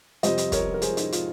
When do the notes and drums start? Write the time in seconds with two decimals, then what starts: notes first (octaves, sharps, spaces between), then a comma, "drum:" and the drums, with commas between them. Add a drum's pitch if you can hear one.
0.23 F2 C3 G3 C5 D#5, drum: hi-hat
0.38 drum: hi-hat
0.52 A#4 C#5, drum: kick, hi-hat
0.74 A#4
0.82 G#4 C5, drum: hi-hat
0.97 D#4, drum: hi-hat
1.12 F4, drum: hi-hat